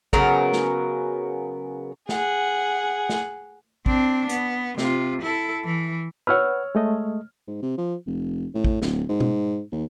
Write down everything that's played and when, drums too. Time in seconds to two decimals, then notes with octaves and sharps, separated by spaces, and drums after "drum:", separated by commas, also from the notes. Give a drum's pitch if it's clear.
0.13 C#3 F#3 B3 A#4, drum: kick
0.53 drum: snare
2.09 G#4 F#5, drum: snare
3.09 drum: snare
3.86 C4 D4, drum: kick
4.29 B3, drum: hi-hat
4.78 C3 F4, drum: snare
5.22 E4 A4
5.65 E3
6.27 B4 C#5 F#5 E6 F6
6.75 G#3 A3 D#5
7.48 G#2
7.62 C3
7.78 F3
8.07 F1
8.55 A2
8.64 drum: kick
8.82 D1, drum: snare
9.09 G#2
9.20 drum: tom B2
9.72 D#2